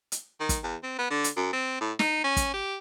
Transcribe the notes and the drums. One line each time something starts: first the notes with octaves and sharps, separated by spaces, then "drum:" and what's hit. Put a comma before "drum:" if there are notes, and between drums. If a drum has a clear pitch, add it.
drum: hi-hat
D#3
drum: kick, hi-hat
E2
C4
B3
D3
drum: hi-hat
F#2
C4
A2
D#4, drum: snare
C#4
drum: kick, hi-hat
G4